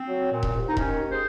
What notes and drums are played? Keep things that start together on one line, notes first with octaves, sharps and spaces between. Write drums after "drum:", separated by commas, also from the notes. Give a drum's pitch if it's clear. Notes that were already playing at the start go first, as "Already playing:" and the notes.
Already playing: C4
F#3
A#2
drum: kick E1
C2
D#4
D#3 A#3 C#4, drum: kick E1
D#2
G#4 C5